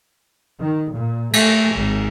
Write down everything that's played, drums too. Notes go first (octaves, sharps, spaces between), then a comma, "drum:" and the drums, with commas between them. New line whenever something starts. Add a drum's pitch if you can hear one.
D#3
A#2
A3, drum: cymbal
G#1